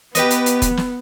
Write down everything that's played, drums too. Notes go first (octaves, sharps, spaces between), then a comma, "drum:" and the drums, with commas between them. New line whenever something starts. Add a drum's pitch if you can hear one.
B3 G4 B4 D#5, drum: hi-hat
drum: hi-hat
drum: hi-hat
drum: kick, hi-hat
drum: snare